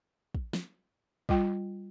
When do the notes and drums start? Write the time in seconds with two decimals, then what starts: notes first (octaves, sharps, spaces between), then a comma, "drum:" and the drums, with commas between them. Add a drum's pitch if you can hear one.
0.35 drum: kick
0.53 drum: snare
1.29 G3 F4 G5, drum: kick